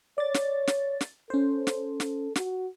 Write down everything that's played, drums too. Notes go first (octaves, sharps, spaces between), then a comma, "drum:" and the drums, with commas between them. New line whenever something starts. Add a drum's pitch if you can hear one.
C#5 D5 A6
drum: snare
drum: snare
drum: snare
C#4 A4 C5
drum: snare
drum: snare
F#4, drum: snare